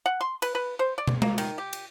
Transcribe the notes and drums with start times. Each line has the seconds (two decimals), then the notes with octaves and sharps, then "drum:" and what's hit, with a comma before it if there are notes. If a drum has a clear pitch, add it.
0.06 F#5
0.21 C6
0.42 B4, drum: cymbal
0.55 B4
0.79 C5
0.98 D5
1.07 drum: tom
1.22 A#3, drum: tom
1.38 D#3, drum: cymbal
1.58 G4
1.73 drum: cymbal